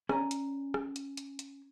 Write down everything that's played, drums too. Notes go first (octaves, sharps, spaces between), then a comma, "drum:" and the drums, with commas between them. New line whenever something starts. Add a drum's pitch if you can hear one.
C#4 D5 G#5 A#5, drum: rim click
drum: hi-hat
drum: rim click
drum: hi-hat
drum: hi-hat
drum: hi-hat